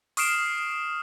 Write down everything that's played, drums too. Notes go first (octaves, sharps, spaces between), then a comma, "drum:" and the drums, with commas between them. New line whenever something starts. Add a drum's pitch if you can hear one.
C#6 D#6 F6 C7 D7 E7, drum: open hi-hat